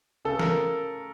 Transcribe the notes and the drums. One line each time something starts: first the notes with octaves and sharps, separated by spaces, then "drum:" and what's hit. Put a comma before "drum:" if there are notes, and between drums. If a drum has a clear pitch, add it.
C#3 A4
A#4, drum: snare